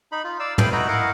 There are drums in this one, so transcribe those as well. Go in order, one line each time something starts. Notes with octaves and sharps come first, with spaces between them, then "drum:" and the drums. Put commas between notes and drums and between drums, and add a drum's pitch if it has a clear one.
D#4 B5
F4
D5 F5 E6
E4 F5 G5 B5 D#6, drum: tom
D#4 E4 F#4 A#5 B5
E4 A#4 D#5 F5 F#5